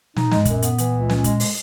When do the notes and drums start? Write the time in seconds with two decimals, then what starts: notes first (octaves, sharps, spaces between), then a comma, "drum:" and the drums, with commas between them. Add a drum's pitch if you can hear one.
0.16 B2 D#4, drum: snare
0.27 A#2
0.31 G#2 G#3, drum: snare
0.45 F#2 A#2, drum: kick, hi-hat
0.62 B3, drum: hi-hat
0.78 E3, drum: hi-hat
0.94 C#2
1.09 C#4, drum: snare
1.24 G#3, drum: kick, hi-hat
1.40 drum: open hi-hat